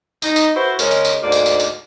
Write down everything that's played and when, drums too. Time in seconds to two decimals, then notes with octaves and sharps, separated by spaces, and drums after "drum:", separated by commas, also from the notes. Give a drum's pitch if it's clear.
0.22 D#4, drum: tambourine
0.36 drum: tambourine
0.54 E4 F#4 A4 B4 C5
0.79 C#3 G#3 C#4 A#4, drum: tambourine
0.91 drum: tambourine
1.05 drum: tambourine
1.21 D2 G#2 A#3 D4 D5
1.32 drum: tambourine
1.46 drum: tambourine
1.60 drum: tambourine